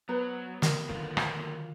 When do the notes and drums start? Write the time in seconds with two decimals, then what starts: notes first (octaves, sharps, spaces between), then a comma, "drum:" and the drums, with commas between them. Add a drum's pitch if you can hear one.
0.09 F#3 B3 B4 C5 A#5
0.62 A#4, drum: snare
0.89 D3 D#3 F#3 A#3 F4
1.17 drum: rim click